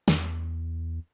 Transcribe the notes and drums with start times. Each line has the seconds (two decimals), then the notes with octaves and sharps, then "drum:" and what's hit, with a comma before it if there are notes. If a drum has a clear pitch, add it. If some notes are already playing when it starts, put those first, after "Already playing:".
0.08 E2, drum: snare